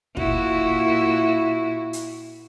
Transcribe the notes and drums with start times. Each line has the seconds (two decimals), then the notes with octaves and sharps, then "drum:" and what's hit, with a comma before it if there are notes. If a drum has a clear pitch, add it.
0.17 A#2 E4 F#4, drum: kick
1.93 drum: hi-hat